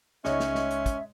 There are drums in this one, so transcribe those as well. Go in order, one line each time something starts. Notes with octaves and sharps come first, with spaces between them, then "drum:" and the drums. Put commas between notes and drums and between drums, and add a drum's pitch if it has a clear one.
C#2 G#3 C#4 D#4 C#5 D#5 E5 C#6, drum: snare
drum: snare
drum: snare
drum: hi-hat
drum: kick, hi-hat